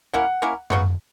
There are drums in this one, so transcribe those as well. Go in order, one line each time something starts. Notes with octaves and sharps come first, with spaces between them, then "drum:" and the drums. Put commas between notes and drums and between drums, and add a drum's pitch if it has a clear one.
A#3 C#4 E4 A#4 F#5
A#3 C#4 E4 A#4
C#3 F#3 B3 F#4, drum: tom F#2